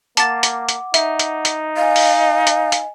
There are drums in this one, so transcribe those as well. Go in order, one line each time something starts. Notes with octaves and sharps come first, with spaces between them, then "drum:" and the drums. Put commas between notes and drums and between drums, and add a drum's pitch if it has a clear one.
A#3 F#5 A5 D6 A6, drum: hi-hat
drum: hi-hat
drum: hi-hat
D#4 E5, drum: hi-hat
drum: hi-hat
drum: hi-hat
D#5 F5 G#5
drum: open hi-hat
drum: hi-hat
drum: hi-hat